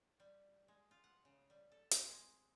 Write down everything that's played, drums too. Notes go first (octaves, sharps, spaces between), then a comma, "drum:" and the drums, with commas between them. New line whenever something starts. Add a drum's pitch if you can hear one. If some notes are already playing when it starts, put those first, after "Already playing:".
G3
G#3
F4
F#5
C#3
G3
A4
C4, drum: hi-hat
G#3